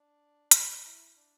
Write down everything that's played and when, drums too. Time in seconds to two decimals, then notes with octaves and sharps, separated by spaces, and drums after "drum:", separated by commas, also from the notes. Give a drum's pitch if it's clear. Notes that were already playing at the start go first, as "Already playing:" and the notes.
Already playing: D4
0.51 drum: hi-hat
0.85 E4
1.16 D4